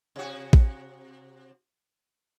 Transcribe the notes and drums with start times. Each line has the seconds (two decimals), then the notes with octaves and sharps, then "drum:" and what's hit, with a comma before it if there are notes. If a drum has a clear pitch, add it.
0.16 C3 F#4
0.53 drum: kick A1